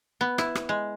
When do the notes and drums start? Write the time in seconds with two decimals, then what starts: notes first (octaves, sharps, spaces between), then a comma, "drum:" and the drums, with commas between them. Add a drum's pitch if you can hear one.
0.21 B3
0.38 E4, drum: rim click
0.55 drum: rim click
0.69 G#3